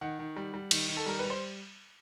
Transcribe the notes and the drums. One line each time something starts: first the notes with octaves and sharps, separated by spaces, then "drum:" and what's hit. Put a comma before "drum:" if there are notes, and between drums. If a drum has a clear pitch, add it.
D#3 F#5
D#3
G3
G3
D#3, drum: cymbal
D#3
A4
G3 A#4
G3 B4
C5